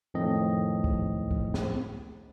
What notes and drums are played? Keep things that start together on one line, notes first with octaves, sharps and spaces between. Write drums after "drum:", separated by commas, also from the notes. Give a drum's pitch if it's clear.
F2 A2 D#3 C4 D#5
drum: kick
drum: kick
drum: snare